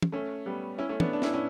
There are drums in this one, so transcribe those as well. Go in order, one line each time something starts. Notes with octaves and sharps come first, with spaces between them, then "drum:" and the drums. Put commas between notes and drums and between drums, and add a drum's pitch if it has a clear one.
drum: tom
A3 C#4
G3 B3
C#4 E4
A3 C#4
B3 D4, drum: tom
D4
C#4 E4, drum: snare
C#4 E4